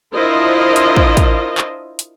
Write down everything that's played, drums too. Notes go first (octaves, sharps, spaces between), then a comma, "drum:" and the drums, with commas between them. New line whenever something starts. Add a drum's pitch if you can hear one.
D4 E4 F4 A#4 C5 D#5
drum: hi-hat
drum: kick
drum: kick, hi-hat
drum: clap
drum: hi-hat